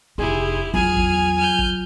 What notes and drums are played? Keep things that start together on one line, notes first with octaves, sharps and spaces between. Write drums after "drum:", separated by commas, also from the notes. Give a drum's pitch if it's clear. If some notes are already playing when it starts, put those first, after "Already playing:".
F1 D#4 E4 G4 G#4 C6
E2 F#3 F4 G#4 G#5 F6, drum: kick
drum: kick
F6 G6
drum: kick